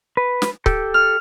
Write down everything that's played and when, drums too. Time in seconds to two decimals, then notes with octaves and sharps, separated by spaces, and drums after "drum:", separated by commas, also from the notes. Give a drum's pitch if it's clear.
0.17 B4
0.42 drum: snare
0.66 G4 A4, drum: kick C#1
0.94 F6